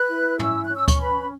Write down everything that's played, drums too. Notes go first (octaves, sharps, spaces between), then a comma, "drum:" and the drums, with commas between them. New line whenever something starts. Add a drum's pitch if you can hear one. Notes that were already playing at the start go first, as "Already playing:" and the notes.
Already playing: B4 F#6
E4
C#4 E6, drum: tom
F#6
C#4
E6
C#6, drum: kick D2, hi-hat
B4 B5